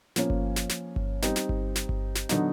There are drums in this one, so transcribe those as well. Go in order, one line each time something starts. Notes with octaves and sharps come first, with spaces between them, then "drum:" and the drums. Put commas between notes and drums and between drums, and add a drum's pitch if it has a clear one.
F3 A#3 C#4, drum: snare
drum: kick G1
drum: snare
drum: snare
drum: kick G1
G3 C4 D#4, drum: snare
drum: snare
drum: kick G1
drum: snare
drum: kick G1
drum: snare
D3 F#3 B3 D#4, drum: snare